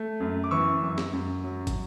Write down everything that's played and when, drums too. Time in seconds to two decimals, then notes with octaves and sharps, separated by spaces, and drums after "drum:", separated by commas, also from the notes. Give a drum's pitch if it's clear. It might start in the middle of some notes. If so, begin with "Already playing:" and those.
Already playing: A3
0.20 F#2
0.44 D6
0.51 E3 C#6 E6
0.83 F#2
0.98 drum: snare
1.13 F#2
1.44 F#3
1.67 drum: kick, hi-hat